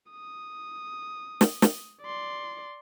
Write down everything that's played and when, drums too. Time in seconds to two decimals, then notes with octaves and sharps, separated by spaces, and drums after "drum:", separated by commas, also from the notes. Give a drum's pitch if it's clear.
0.11 D#6
1.41 drum: snare
1.62 drum: snare
2.02 D5 C6